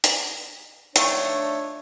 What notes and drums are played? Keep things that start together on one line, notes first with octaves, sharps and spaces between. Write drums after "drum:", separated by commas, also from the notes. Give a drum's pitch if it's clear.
drum: hi-hat
D#3 F3 A3 D4 C#5, drum: hi-hat